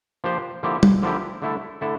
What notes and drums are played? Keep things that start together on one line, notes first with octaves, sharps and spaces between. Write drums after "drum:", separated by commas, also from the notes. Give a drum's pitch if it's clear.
F3 A#3 D4 G4 C5
D3 F3 A#3 E4 G4
drum: tom G3
D3 F3 A#3 E4 G4
D3 A3 E4 A4
D3 A3 E4 A4